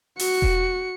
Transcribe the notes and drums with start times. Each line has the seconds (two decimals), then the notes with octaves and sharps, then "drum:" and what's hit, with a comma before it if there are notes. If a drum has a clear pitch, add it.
0.19 F#4 C#7, drum: open hi-hat
0.42 drum: kick E1